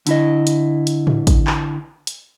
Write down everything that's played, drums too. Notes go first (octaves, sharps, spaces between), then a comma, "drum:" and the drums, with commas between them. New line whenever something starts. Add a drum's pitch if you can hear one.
D3 E4 D#5, drum: hi-hat
drum: hi-hat
drum: hi-hat
drum: tom A2
drum: kick A1, hi-hat
drum: clap
drum: hi-hat